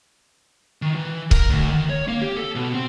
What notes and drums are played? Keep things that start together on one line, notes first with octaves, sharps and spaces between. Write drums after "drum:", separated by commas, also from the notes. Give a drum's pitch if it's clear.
D#3
E3
A#4, drum: kick C#1
D2
D#3
C#5
A#3
G4
A4
B2
C4